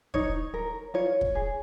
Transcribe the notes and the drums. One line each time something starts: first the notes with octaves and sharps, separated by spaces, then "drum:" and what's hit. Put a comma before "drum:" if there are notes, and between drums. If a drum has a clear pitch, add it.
D#4 C#5, drum: kick
A#4
F4 C#5
drum: kick
G#4